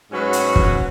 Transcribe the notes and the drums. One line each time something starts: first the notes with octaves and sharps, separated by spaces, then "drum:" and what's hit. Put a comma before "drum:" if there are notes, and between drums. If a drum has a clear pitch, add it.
G#2 F#3 C#4 F#4 B4
drum: hi-hat
drum: kick